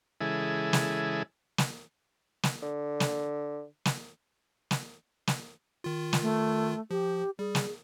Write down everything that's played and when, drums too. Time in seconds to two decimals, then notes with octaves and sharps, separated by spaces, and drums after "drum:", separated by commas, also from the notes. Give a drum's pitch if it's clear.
0.21 C#3 E3 G#3 E4 G#4 A4
0.73 drum: snare
1.58 drum: snare
2.43 drum: snare
2.62 D3
3.00 drum: snare
3.85 drum: snare
4.71 drum: snare
5.27 drum: snare
5.84 D#3 F4
6.13 drum: snare
6.22 A3
6.91 F3 G4
7.39 G3 G#4
7.55 drum: snare